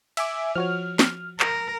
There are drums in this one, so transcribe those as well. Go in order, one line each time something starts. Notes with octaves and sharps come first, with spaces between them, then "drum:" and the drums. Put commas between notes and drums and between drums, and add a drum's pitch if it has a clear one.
E5 G#5 D6, drum: cymbal
F3 F#4 C#5 F6
drum: snare
A#4, drum: clap